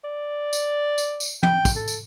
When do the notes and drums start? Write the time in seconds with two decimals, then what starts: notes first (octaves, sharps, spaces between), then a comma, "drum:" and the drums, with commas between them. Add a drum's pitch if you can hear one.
0.04 D5
0.53 drum: tambourine
0.98 drum: tambourine
1.20 drum: tambourine
1.43 G5, drum: tom
1.65 drum: kick, tambourine
1.76 A4
1.88 drum: tambourine